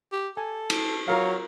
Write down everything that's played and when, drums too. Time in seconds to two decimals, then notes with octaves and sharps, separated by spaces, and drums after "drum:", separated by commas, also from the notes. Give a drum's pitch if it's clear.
0.12 G4
0.37 A4 G#5
0.70 drum: cymbal
1.08 F#3 F4 A#4 F5